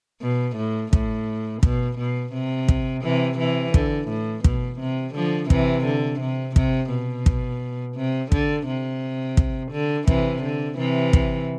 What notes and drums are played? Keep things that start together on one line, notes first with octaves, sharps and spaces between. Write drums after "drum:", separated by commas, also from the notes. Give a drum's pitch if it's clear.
B2
A2
A2, drum: kick
B2, drum: kick
B2
C3
drum: kick
C3 E3
C3 E3
D3, drum: kick
A2
B2, drum: kick
C3
D3 F3
C3 E3, drum: kick
D3
C3
C3, drum: kick
B2
drum: kick
C3
D3, drum: kick
C3
drum: kick
D3
C3 E3, drum: kick
D3
C3 E3
drum: kick